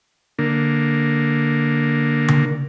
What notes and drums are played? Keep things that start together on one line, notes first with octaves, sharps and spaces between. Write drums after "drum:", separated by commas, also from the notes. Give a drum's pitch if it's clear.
D3 A#3
drum: tom C#3